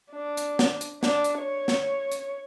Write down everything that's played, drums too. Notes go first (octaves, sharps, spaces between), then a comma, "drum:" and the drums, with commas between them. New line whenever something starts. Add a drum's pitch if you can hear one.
D4
drum: hi-hat
drum: snare
drum: hi-hat
D4, drum: snare
drum: hi-hat
C#5
drum: snare
drum: hi-hat